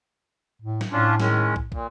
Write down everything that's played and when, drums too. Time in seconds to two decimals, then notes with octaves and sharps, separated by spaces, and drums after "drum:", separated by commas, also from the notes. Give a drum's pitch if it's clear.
0.62 A2
0.81 drum: snare
0.92 A2 C#4 D4 F4
1.20 D#3 G#3 C#4, drum: snare
1.56 drum: kick
1.72 A#2, drum: kick